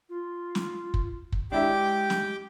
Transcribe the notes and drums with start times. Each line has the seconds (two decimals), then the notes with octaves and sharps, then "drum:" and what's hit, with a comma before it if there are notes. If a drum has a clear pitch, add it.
0.09 F4
0.55 drum: snare
0.94 drum: kick
1.32 drum: kick
1.52 G#3 D4 E4 G4 E5 G5 D6
2.10 drum: snare